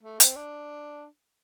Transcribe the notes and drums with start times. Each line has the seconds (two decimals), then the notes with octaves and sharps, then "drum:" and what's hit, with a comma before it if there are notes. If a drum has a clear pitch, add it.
0.03 A3
0.20 C4, drum: hi-hat
0.36 D4